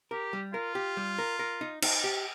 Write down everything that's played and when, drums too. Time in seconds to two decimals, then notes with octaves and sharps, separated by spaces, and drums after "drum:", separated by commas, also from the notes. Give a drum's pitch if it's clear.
0.11 G4 A#4
0.33 G3
0.54 F4 A#4
0.75 G4
0.97 G3
1.19 A#4
1.39 A#4
1.61 D#4
1.82 D#4, drum: cymbal
2.04 G4